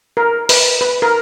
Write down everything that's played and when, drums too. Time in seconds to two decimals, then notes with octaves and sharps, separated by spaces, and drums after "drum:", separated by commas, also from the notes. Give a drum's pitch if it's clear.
0.17 A#4
0.49 B4, drum: open hi-hat
0.81 B4
1.02 A#4